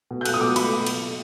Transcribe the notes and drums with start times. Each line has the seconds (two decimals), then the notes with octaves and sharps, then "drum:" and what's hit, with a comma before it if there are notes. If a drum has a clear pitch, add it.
0.11 B2
0.21 G6
0.25 F#6, drum: cymbal
0.34 D#6
0.41 B2 D6
0.56 B5, drum: cymbal
0.86 drum: cymbal